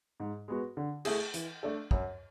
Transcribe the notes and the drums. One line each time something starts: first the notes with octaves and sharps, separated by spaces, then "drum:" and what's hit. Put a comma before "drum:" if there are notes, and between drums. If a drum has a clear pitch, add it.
G#2
G#3 B3 F#4
D3
A3 E4 G#4, drum: cymbal
E3, drum: hi-hat
A3 D4 A4
F#2, drum: kick